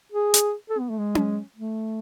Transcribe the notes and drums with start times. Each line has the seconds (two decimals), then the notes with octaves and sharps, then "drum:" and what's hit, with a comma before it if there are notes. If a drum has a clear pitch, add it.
0.12 G#4
0.34 drum: hi-hat
0.70 A4
0.79 B3
0.89 A3
0.98 G#3
1.15 drum: tom C#4
1.56 A3